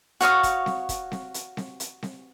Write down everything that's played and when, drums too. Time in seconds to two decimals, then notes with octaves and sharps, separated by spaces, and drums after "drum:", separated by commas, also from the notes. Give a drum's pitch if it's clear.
0.21 F#4 C#5 F5 D#6, drum: hi-hat
0.43 drum: kick, hi-hat
0.66 drum: snare C4
0.89 drum: kick, hi-hat
1.12 drum: snare C4
1.34 drum: hi-hat
1.57 drum: snare C4
1.80 drum: hi-hat
2.03 drum: snare C4